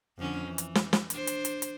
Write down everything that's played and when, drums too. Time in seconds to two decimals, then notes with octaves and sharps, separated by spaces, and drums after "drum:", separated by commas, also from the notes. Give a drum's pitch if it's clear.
0.18 F2 D3 C#4
0.48 E3
0.58 drum: hi-hat
0.75 drum: snare
0.93 drum: snare
1.10 D4 C5, drum: hi-hat
1.27 drum: hi-hat
1.45 drum: hi-hat
1.62 drum: hi-hat